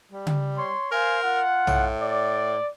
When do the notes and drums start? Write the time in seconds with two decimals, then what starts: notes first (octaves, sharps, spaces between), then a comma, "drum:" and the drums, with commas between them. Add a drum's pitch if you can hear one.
0.12 G3
0.27 drum: tom C#3
0.57 C#5 C6
0.92 A#4 C5 F5 G#5
1.23 F4 F#5
1.67 A2, drum: tom
2.02 D5